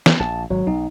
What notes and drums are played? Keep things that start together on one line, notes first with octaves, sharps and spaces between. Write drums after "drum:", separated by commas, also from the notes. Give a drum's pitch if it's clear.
drum: snare
A#1 A5
G#1 F#3
B1 D#4